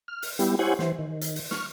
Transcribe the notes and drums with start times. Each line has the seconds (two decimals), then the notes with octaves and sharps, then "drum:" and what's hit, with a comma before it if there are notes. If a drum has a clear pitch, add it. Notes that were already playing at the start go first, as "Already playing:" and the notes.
0.08 F6
0.22 drum: open hi-hat
0.39 G3 B3 E4 G4, drum: hi-hat
0.59 E4 G4 C5 C#5 F#5 G#5
0.79 E3 C5, drum: snare
0.99 D#3
1.21 drum: hi-hat
1.36 drum: open hi-hat
1.51 C#6 F6, drum: snare